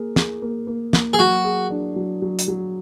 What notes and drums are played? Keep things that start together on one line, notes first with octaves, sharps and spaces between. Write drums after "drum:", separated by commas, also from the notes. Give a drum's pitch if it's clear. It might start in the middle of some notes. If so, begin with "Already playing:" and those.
Already playing: A#3 G#4
G#4, drum: snare
A#3
A#3
A#3, drum: snare
G#4
F#3 F#4
G#4
D4
F#3
F#3
drum: hi-hat
F#3